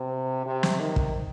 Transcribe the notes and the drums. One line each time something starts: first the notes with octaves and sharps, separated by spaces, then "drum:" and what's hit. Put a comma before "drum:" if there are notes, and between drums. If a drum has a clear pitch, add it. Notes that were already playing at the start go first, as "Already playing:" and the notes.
Already playing: C3
C3
drum: snare
D#3
drum: kick